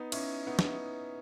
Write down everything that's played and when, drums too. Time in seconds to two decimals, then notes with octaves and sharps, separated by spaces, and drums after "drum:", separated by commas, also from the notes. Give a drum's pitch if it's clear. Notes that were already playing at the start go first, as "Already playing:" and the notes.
Already playing: B3 D#4
0.12 C#4 E4, drum: cymbal
0.47 B3 D#4
0.59 drum: snare